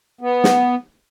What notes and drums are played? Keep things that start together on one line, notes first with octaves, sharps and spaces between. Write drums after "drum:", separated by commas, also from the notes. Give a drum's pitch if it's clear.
B3
drum: snare